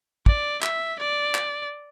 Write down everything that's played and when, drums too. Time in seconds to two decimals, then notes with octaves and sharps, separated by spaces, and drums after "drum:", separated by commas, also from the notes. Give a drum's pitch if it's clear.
0.26 D5, drum: kick
0.62 E5, drum: clap
0.99 D5
1.35 drum: clap